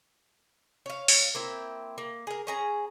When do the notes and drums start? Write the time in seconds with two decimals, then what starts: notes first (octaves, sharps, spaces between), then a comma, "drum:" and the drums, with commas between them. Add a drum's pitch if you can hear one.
0.86 C#5 F5
1.08 drum: open hi-hat
1.35 A#3 C4 E4
1.98 A#3
2.27 G#4 A#4
2.47 C#4 G#4 A#5